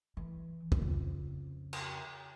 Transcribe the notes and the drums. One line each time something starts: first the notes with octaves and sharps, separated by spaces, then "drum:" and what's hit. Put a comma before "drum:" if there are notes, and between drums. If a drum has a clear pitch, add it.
E3
drum: kick
F2 C#3
drum: cymbal